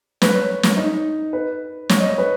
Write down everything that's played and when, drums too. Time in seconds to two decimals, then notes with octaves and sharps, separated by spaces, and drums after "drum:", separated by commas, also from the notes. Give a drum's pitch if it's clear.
0.22 B4, drum: snare
0.35 C#5
0.63 C#4, drum: snare
0.77 D#4
1.33 B4
1.89 C#5, drum: snare
2.00 D#5
2.09 C#5
2.18 B4